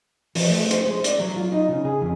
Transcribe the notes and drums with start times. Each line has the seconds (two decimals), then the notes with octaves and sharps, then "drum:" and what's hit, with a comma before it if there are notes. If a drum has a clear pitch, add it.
0.35 F3, drum: open hi-hat
0.50 A3
0.71 C5, drum: hi-hat
0.85 G#3
1.04 D5, drum: hi-hat
1.19 F#3
1.36 F4
1.52 D#4
1.69 C#3
1.85 G#4
2.01 F2